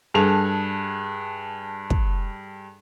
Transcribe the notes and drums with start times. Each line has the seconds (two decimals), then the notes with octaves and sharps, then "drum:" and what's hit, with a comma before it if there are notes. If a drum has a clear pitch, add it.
0.14 G2 G#4 A4 F7
1.90 drum: kick